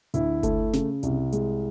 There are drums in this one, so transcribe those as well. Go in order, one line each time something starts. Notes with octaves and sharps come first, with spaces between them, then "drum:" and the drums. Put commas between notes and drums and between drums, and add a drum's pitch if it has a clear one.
D2 E4, drum: hi-hat
A3, drum: kick F#1, hi-hat
C#3, drum: snare
C2, drum: hi-hat
G#3, drum: hi-hat